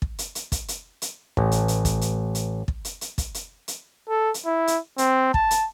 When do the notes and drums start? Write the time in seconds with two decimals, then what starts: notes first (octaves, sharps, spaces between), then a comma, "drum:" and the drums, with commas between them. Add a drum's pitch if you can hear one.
0.02 drum: kick
0.19 drum: hi-hat
0.35 drum: hi-hat
0.52 drum: kick, hi-hat
0.68 drum: hi-hat
1.02 drum: hi-hat
1.37 A1, drum: kick
1.52 drum: hi-hat
1.68 drum: hi-hat
1.85 drum: kick, hi-hat
2.01 drum: hi-hat
2.35 drum: hi-hat
2.68 drum: kick
2.85 drum: hi-hat
3.01 drum: hi-hat
3.18 drum: kick, hi-hat
3.34 drum: hi-hat
3.68 drum: hi-hat
4.09 A4
4.34 drum: hi-hat
4.46 E4
4.67 drum: hi-hat
4.98 C4, drum: hi-hat
5.34 A5, drum: kick
5.51 drum: hi-hat